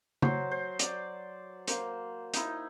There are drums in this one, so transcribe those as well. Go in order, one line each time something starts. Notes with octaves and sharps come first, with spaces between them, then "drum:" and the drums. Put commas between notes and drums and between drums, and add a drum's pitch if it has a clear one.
F#3 C5, drum: tom C#3
C5
D5, drum: hi-hat
A#3 C5, drum: hi-hat
D#4 E4, drum: hi-hat